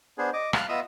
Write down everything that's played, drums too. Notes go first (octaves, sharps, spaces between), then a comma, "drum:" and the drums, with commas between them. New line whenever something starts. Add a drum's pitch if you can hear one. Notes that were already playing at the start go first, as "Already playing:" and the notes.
B3 D4 G#4 C5
D#5 D6
F5 A5 F6 F#6, drum: rim click
B3 F4 D#5 E5 D#6 E6